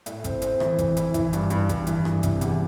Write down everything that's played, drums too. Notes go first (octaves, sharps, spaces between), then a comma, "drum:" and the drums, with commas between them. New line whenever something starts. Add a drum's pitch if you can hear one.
A2, drum: hi-hat
C4, drum: kick G#1, hi-hat
C4, drum: hi-hat
E3, drum: rim click
E3, drum: kick G#1, hi-hat
E4, drum: hi-hat
E3, drum: kick G#1, hi-hat
G2, drum: hi-hat
G2, drum: hi-hat
G2, drum: kick G#1, hi-hat
E3, drum: hi-hat
G2, drum: rim click
C3, drum: kick G#1, hi-hat
E2, drum: hi-hat